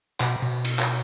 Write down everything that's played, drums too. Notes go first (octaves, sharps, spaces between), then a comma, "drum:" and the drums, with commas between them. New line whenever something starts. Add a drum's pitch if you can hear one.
B2, drum: clap
B2
drum: cymbal
drum: clap